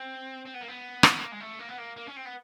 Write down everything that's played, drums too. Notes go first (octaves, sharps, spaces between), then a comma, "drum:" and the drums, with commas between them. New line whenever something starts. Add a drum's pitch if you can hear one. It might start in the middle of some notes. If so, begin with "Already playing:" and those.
Already playing: C4
C4
B3
A#3
B3
drum: rim click
A#3
G#3
A3
A#3
B3
A#3
A#3
C#4
C4
B3